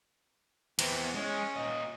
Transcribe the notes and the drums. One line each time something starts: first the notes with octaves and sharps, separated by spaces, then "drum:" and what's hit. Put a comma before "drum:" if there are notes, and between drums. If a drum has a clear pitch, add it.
E2 C3 E3, drum: cymbal
G#3 C#4
A#2 D#5